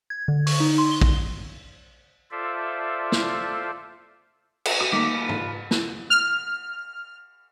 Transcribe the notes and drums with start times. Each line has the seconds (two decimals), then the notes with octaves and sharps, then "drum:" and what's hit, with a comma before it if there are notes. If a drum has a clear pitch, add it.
0.10 G#6
0.28 D3
0.47 C#6, drum: open hi-hat
0.60 D#4
0.78 C6
0.91 G7
1.01 drum: kick
2.31 F4 A4 C5 D5 E5
3.12 drum: snare
4.65 drum: cymbal
4.81 F#4 D#6
4.92 D#3 A3 A#3 D#4 E5 D6
5.14 F4 B4
5.29 drum: tom G#2
5.71 drum: snare
6.10 F6